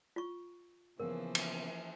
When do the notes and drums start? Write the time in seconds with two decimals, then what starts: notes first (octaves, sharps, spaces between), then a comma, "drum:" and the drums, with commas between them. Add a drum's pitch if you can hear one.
0.16 F4 C#6
1.00 C#3 E3 F3 A#3 B3 A#4
1.35 drum: cymbal